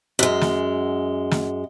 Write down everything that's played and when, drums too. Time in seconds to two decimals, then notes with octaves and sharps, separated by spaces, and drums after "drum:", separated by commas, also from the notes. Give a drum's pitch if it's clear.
0.19 F#2 G#3
0.41 drum: snare
1.31 drum: snare